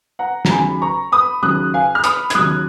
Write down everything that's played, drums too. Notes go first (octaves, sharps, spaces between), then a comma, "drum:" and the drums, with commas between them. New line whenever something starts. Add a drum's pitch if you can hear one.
F#5 A#5
A#5, drum: snare
D#2 C#3 F#3 G#5 B5
A#5 C#6
B5 D#6
D#2 C#3 F#3 D#6 F#6
F5 G#5
F6
B5 D#6, drum: hi-hat
G#6, drum: hi-hat
D#2 C#3 F#3 D#6 F#6